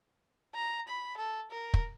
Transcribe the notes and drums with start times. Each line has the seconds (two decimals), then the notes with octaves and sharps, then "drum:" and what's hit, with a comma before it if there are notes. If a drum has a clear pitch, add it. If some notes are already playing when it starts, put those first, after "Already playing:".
0.55 A#5
0.88 B5
1.17 A4
1.51 A#4
1.74 drum: kick